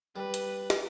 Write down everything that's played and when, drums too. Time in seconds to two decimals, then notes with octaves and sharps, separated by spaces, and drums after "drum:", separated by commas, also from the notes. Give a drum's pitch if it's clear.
0.16 G3 B4
0.34 drum: hi-hat
0.70 drum: snare